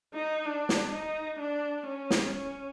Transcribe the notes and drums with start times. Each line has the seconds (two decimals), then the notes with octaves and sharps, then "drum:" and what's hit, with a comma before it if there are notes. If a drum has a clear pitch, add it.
0.14 D#4
0.45 D4
0.69 drum: snare
0.92 D#4
1.39 D4
1.87 C#4
2.10 drum: snare
2.35 C#4